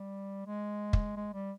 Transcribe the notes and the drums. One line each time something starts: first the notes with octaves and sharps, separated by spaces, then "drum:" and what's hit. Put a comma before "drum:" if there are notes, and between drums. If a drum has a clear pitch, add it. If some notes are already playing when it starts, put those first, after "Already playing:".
Already playing: G3
G#3
drum: kick
G#3
G3